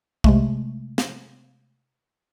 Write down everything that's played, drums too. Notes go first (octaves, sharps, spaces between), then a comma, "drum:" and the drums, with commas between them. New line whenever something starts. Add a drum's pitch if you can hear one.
C3 G#3 A3, drum: kick
drum: snare